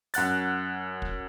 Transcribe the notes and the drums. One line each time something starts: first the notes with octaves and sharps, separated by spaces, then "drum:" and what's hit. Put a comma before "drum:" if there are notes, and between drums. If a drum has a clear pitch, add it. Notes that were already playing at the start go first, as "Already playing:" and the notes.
F#2 F#5 F#6 A6, drum: hi-hat
drum: kick